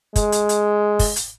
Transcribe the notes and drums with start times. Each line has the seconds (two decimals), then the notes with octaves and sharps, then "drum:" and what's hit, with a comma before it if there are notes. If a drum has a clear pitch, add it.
0.16 G#3, drum: kick, hi-hat
0.32 drum: hi-hat
0.49 drum: hi-hat
0.99 drum: kick, open hi-hat
1.16 drum: hi-hat